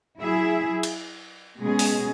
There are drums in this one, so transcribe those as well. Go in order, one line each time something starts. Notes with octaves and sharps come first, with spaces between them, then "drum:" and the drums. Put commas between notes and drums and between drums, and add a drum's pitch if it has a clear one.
F#3 E4 G#4 E5
drum: cymbal
B2 G#3 C#4 G#4
drum: open hi-hat